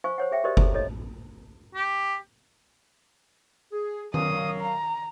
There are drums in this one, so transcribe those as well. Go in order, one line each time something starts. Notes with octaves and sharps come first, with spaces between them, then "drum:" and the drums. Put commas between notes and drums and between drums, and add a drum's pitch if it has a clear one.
C5 F5 G#5 C#6
C5 C#5 F#5
G#4 E5 G5
F#4 G4 A#4 C5 D5 D#5
G#4 A4, drum: kick F#1
A4 C#5 D#5
G4
G#4
F#3 A#4 F5 D#6, drum: tom D#3
A#5